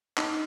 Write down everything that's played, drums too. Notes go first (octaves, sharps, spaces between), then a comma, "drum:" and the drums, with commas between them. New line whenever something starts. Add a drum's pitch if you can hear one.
D#4, drum: clap